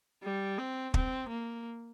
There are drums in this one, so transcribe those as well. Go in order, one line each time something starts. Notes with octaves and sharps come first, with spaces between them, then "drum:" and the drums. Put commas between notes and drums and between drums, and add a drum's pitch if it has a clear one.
G3
C4
C4, drum: kick
A#3